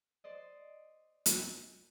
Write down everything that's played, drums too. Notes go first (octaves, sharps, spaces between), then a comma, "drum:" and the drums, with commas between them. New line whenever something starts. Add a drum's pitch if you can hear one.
C5 D5 D#5
drum: hi-hat